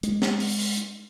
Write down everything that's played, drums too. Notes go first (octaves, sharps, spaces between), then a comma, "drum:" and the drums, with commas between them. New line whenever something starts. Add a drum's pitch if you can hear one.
G#3, drum: hi-hat
drum: snare
drum: open hi-hat
drum: open hi-hat
drum: hi-hat